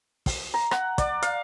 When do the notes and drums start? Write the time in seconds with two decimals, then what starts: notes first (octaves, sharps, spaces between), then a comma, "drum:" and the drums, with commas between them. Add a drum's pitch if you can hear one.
0.26 drum: kick, open hi-hat
0.54 A#5
0.71 F#5, drum: rim click
0.98 D5, drum: kick, hi-hat
1.23 F5, drum: hi-hat